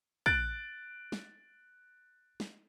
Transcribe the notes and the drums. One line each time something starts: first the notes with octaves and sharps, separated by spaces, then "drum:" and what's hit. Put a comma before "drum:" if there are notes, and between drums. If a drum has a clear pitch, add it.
F#6 A6 D7, drum: kick
drum: snare
drum: snare